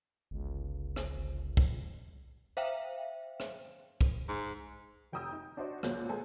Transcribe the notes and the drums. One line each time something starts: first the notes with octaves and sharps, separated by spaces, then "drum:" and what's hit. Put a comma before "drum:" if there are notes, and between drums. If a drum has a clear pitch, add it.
G1 C#2
drum: rim click
G1
drum: kick
C5 E5 F5 G5
drum: rim click
drum: kick
G#2
F1 G5 A#5 D#6 E6 G6
D#4
D4 F#4 C5 D5 D#5
C#2 A#2 F#3 F#4 F#6 G6, drum: rim click
G#3 A4 B4 G#5 A5